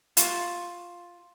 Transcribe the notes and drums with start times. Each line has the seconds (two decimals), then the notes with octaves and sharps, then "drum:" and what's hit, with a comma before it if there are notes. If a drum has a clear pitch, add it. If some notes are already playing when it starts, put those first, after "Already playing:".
0.17 F4 C#6, drum: hi-hat